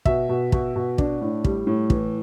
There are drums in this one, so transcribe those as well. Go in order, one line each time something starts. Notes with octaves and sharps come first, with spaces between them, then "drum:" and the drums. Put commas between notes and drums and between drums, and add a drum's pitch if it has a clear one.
B2 E5, drum: kick
B2
B2, drum: kick
B2
D4, drum: kick
A2
G3, drum: kick
A2
E3, drum: kick